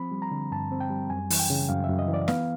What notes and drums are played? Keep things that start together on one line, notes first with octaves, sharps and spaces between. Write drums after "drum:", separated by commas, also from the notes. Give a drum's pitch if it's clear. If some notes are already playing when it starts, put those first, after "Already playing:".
Already playing: F3 C4 B5
G3
A#5
D3
G2 A5
C4
G5
G3
F#2 G#5
E3, drum: open hi-hat
G5
C#3
F#2 F5
F#2 E5
D#5
E3
D5
B3 F5, drum: snare